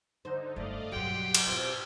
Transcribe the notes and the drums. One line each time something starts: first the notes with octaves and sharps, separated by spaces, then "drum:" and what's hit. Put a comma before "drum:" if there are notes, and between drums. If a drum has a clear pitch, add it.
D3 D#4 C5
F#1 G2 A3 D5 D#5 F5
B1 G2 C#3 F#3 G4 F#5 G5 C6
drum: cymbal
G#2 B2 C4 E4 F4 G4